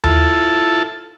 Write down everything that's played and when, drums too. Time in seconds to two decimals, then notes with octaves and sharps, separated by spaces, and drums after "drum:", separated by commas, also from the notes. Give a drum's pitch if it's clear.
0.04 E4 F4 A4 A5, drum: tom D#2